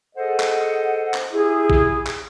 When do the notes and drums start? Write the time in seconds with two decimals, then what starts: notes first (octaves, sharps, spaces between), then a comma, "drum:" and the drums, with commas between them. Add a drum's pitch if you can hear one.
0.16 G#4 A4 C5 D#5 F#5
0.40 drum: clap
1.14 drum: clap
1.33 E4 G4 G#4
1.70 drum: kick A1
2.07 drum: clap